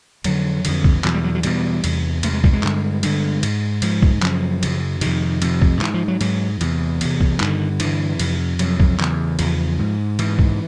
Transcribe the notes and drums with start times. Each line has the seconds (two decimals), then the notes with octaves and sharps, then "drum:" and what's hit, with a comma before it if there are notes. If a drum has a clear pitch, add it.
0.24 F2 D3 F#3, drum: cymbal
0.65 F2 D3, drum: cymbal
0.84 drum: kick
1.04 E2 B2 F#3, drum: clap
1.14 G3
1.24 F#3
1.35 F#3
1.43 E2 B2 G3, drum: cymbal
1.84 E2 C3, drum: cymbal
2.23 E2 C3 A3, drum: cymbal
2.33 G#3
2.44 G3, drum: kick
2.53 G#3
2.63 G2 D3, drum: clap
3.03 G2 D3, drum: cymbal
3.43 G#2, drum: cymbal
3.82 G#2 F3, drum: cymbal
4.02 drum: kick
4.22 F#2 C#3 F3, drum: clap
4.63 F#2 C#3, drum: cymbal
5.01 F2 C3 D#3, drum: cymbal
5.42 F2 C3, drum: cymbal
5.62 drum: kick
5.81 G#2 E3, drum: clap
5.94 F3
6.08 F#3
6.21 G#2 F#3, drum: cymbal
6.61 E2 C3, drum: cymbal
7.01 E2 C3, drum: cymbal
7.21 drum: kick
7.40 G2 D3 D#3, drum: clap
7.80 G2 D3 E3, drum: cymbal
8.19 F2 C3, drum: cymbal
8.59 F2 C3 F#3, drum: cymbal
8.80 drum: kick
9.00 E2 C#3, drum: clap
9.39 E2 C#3 F3, drum: cymbal
9.79 G#2
10.19 G#2 E3, drum: cymbal
10.39 drum: kick